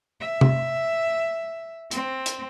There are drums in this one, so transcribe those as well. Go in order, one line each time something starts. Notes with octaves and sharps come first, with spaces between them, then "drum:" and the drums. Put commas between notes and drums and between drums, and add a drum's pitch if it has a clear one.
E5
drum: tom C3
C4, drum: hi-hat
drum: hi-hat